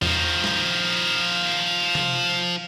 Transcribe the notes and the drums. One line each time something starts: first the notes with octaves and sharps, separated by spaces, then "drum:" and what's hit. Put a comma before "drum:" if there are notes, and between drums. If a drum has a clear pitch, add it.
F3 D#4, drum: tom E2
drum: snare
drum: tom C3